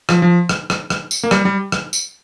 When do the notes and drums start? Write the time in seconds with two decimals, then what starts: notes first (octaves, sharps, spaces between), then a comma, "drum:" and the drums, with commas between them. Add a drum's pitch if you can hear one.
0.09 F3, drum: rim click
0.22 F3
0.49 drum: rim click
0.70 drum: rim click
0.90 drum: rim click
1.11 drum: tambourine
1.23 A#3
1.31 G3, drum: rim click
1.45 G3
1.72 drum: rim click
1.93 drum: tambourine